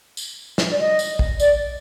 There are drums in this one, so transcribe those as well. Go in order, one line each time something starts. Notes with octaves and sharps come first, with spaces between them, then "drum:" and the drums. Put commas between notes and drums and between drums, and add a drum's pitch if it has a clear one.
drum: tambourine
drum: snare
D5
D#5
drum: tambourine
drum: kick
D5, drum: tambourine